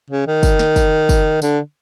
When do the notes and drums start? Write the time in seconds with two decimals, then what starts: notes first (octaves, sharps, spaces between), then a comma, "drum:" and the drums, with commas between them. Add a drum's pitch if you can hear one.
0.10 C#3
0.27 D#3
0.43 drum: kick, tambourine
0.59 drum: snare
0.76 drum: kick, tambourine
1.09 drum: kick, tambourine
1.42 D3, drum: tambourine